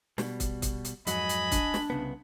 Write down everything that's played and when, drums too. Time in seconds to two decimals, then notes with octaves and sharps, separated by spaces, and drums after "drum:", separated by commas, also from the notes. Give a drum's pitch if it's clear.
0.18 B2 G3, drum: snare
0.40 drum: kick, hi-hat
0.62 drum: kick, hi-hat
0.85 drum: hi-hat
1.07 F2 G#2 F#3 D#5 G#5 B5, drum: hi-hat
1.29 drum: hi-hat
1.51 D4, drum: kick, hi-hat
1.74 drum: snare
1.90 C2 C#3 B3